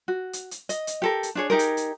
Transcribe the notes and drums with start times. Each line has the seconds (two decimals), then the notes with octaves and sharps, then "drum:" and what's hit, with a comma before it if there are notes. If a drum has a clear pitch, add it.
0.08 F#4
0.33 drum: hi-hat
0.51 drum: hi-hat
0.69 D#5, drum: hi-hat
0.87 drum: hi-hat
1.02 G4 A4 A#4
1.23 drum: hi-hat
1.35 D4 G#4 C#5
1.50 D#4 G4 G#4 A#4
1.59 drum: hi-hat
1.77 drum: hi-hat